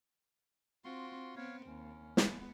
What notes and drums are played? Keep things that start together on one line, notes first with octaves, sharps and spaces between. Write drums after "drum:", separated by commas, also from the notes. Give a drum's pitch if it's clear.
C4 F4 F#4 C6
B3 C4 C#5 F5
D#2 C#4
G#3 B3, drum: snare